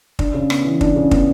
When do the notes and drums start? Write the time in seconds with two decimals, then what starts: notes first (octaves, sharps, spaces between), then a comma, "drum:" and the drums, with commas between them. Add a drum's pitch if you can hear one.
0.19 D4, drum: kick
0.34 C#3
0.50 B3, drum: rim click
0.64 E3
0.81 D4, drum: kick
0.96 C#3
1.11 B3, drum: kick